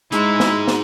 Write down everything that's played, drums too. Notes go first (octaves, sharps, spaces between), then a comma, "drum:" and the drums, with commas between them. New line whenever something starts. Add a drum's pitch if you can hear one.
G#3 D#4 E4 G#4, drum: hi-hat
drum: snare
drum: snare